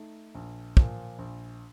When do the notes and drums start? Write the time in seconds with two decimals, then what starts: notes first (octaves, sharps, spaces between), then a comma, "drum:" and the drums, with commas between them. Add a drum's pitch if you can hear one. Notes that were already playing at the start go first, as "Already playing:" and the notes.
Already playing: A3 D#4
0.35 A#1
0.77 A#2 F3, drum: kick
1.19 A#1